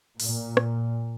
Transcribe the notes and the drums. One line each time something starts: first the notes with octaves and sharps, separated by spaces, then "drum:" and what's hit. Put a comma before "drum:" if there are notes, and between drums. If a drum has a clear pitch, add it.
A#2, drum: open hi-hat
drum: rim click